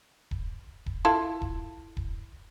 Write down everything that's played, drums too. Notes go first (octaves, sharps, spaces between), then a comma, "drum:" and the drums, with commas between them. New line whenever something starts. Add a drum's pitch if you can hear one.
drum: kick D#1
drum: kick D#1
E4 F4 A4
drum: kick D#1
drum: kick D#1